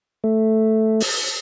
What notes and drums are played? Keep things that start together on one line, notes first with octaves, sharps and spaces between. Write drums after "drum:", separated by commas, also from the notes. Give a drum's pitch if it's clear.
A3
drum: open hi-hat